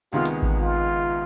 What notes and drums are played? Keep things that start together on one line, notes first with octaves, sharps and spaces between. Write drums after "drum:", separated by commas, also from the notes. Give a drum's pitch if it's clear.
C#2 C3 D#3 G#3 B3 F4
drum: hi-hat
drum: kick A1
F4